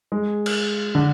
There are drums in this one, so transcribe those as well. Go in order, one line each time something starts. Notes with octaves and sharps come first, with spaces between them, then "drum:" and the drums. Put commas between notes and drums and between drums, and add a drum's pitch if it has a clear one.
G#3
drum: cymbal
D3